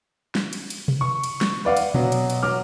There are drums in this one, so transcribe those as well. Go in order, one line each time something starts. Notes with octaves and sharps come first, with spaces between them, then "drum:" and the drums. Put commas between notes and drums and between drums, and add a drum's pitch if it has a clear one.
drum: snare
drum: cymbal
drum: cymbal
drum: tom B2
C#6
drum: cymbal
drum: snare
B4 D5 F5 F#5
drum: cymbal
B2 F#3, drum: tom A#2
drum: cymbal
drum: cymbal
F#3 F#4 D6 F6